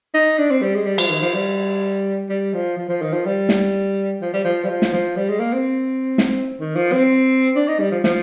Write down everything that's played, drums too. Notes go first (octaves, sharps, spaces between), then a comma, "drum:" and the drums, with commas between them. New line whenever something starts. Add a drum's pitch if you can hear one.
D#4
D4
C4
G3
G#3
G3
F3, drum: cymbal
D#3
F3
G3
G3
F3
F3
F3
D#3
F3
G3
drum: snare
F3
G3
F3
G3
F3
drum: snare
F3
G3
G#3
A#3
C4
drum: snare
D#3
F3
C4
D4
D#4
G3
F3
F3, drum: snare